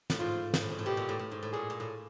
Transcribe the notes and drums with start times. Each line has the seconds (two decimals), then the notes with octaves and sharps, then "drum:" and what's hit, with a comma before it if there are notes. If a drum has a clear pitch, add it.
0.10 A2, drum: snare
0.19 G#2 F4
0.54 G#2, drum: snare
0.62 A2
0.70 G#2
0.79 A2
0.86 B2 G4
0.97 A#2
1.09 A2
1.19 A2
1.31 G#2
1.43 A2
1.53 A#2 G#4
1.70 A#2
1.80 A2